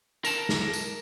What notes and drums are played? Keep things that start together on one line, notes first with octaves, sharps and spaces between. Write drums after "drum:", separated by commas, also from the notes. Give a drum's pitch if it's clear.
A#4 A5, drum: tambourine
drum: snare
drum: tambourine